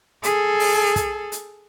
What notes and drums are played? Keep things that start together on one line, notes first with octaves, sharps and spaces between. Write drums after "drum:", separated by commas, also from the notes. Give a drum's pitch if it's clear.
G#4 A4, drum: hi-hat
drum: open hi-hat
drum: kick, hi-hat
drum: hi-hat